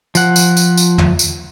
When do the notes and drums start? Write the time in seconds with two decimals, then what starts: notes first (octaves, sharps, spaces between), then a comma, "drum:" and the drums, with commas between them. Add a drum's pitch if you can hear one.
0.15 F3 F#5, drum: tambourine
0.36 drum: tambourine
0.57 drum: tambourine
0.77 drum: tambourine
0.98 drum: tom
1.19 drum: tambourine